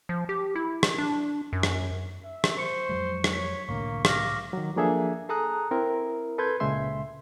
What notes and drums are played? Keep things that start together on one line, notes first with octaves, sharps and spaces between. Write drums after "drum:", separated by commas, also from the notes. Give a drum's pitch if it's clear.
F3
G4
E4
drum: rim click
D4
F#2
drum: rim click
E5
drum: rim click
C5 C#6 C#7
F2 F#3 G#3
drum: rim click
C#5 B6
C2 A2 D3 A#3 C#6
F5 D6 F6 A#6, drum: rim click
D#3 F#3
F3 A#3 D4 G#4 A4 E5
G#4 A4 A5 A#5 D#6 F#6
C4 E4 A#4
A4 B4 C6 G6 G#6
C#2 A#2 C#3 G#3 E5 C6